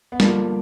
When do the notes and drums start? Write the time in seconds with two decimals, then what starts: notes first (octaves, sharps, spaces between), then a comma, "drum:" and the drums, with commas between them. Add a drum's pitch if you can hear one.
0.12 B3
0.20 G2 D3 F3 A#3, drum: snare